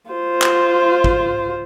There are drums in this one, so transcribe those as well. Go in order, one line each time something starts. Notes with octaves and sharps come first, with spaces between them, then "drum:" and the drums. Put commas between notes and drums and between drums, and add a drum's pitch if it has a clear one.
F4 C5
drum: clap
drum: kick